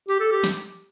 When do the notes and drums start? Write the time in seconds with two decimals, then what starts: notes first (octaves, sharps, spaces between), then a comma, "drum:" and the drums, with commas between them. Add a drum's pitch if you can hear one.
0.08 G4, drum: tambourine
0.20 A4
0.32 G4
0.44 drum: snare
0.61 drum: tambourine